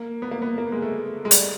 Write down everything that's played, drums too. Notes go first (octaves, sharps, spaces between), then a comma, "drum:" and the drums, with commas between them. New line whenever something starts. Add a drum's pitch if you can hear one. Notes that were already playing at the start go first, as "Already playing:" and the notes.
Already playing: A#3
B3
A#3
B3
A#3
G#3
A3
G#3
G3, drum: hi-hat